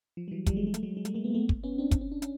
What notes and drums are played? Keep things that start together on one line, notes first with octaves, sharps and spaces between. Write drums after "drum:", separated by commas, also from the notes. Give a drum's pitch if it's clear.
F3
G3
E3 F#3
F3 G3, drum: kick, hi-hat
F#3 G#3
G#3
A3, drum: hi-hat
F#3 G#3
G#3
G3 A3, drum: hi-hat
G#3 A#3
A3 B3
A#3
A3 B3
drum: kick
B3 C#4
C4 D4
C4, drum: kick, hi-hat
C#4
D4
C#4, drum: hi-hat